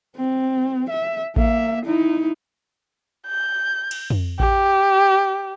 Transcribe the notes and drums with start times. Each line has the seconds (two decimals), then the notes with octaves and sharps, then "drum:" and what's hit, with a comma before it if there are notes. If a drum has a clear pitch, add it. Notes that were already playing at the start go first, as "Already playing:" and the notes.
0.16 C4
0.90 E5
1.36 A#3 E5, drum: kick A1
1.85 D#4 E4
3.28 G6
3.91 drum: cymbal
4.10 drum: tom F2
4.40 G4, drum: kick A1